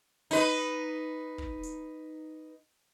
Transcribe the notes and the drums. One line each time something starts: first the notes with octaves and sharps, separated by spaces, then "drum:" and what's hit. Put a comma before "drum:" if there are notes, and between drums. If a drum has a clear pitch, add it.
D#4 B4, drum: open hi-hat
drum: kick
drum: hi-hat